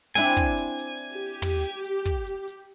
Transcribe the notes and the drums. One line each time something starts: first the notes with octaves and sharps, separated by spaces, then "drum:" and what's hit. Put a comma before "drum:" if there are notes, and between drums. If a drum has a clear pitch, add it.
C4 D4 E4 G#5, drum: hi-hat
drum: kick, hi-hat
drum: hi-hat
drum: hi-hat
G4
drum: tom
drum: hi-hat
drum: hi-hat
drum: kick, hi-hat
drum: hi-hat
drum: hi-hat